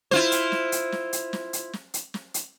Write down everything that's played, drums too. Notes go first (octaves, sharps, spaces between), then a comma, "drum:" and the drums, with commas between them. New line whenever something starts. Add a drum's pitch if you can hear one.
E4 F4 C5, drum: snare
drum: hi-hat
drum: snare
drum: hi-hat
drum: snare
drum: hi-hat
drum: snare
drum: hi-hat
drum: snare
drum: hi-hat
drum: snare
drum: hi-hat